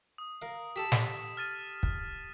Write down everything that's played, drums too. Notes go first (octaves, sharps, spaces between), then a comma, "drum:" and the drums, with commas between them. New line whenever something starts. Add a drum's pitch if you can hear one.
D#6
A#4 F5
G4 A4 A5 B6 E7
drum: snare
F6 A6 D#7
drum: kick